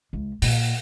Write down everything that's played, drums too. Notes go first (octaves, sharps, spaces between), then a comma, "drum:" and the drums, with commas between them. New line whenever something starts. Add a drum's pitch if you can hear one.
C#2
A#2, drum: open hi-hat